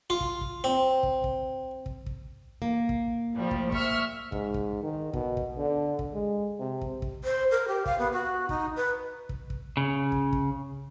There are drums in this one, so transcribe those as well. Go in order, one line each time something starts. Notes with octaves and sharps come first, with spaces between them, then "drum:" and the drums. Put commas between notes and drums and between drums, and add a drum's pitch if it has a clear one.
F4
drum: kick
drum: kick
C4
drum: kick
drum: kick
drum: kick
drum: kick
A#3
drum: kick
A2 F3 G3
drum: kick
E5 C#6 F6, drum: kick
G#2, drum: kick
drum: kick
D#3
B2, drum: kick
drum: kick
D3
drum: kick
G#3
C3
drum: kick
drum: kick
C5
A#4
G4
F5, drum: kick
B3
F#4
D#4, drum: kick
B4
drum: kick
drum: kick
C#3
drum: kick
drum: kick